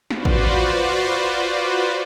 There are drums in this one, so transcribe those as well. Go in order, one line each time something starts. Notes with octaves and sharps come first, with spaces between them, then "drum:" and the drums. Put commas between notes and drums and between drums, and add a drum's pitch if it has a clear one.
F4 F#4 B4 C5 D5, drum: snare
drum: kick A1